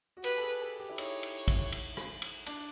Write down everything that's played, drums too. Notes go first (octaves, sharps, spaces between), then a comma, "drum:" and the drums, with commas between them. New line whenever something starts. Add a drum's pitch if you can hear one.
F#4
G4 B4, drum: cymbal
A4
G#4
A4
G4
E4
D#4 C#5, drum: cymbal
drum: cymbal
drum: kick A1, cymbal
drum: cymbal
drum: rim click
drum: cymbal
D4, drum: cymbal